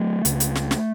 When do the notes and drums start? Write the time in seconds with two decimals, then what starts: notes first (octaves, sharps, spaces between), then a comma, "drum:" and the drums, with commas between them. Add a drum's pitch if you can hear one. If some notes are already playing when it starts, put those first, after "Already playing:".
Already playing: F#3 A3
0.25 C#2 C#3, drum: hi-hat
0.40 drum: hi-hat
0.55 drum: snare
0.71 drum: snare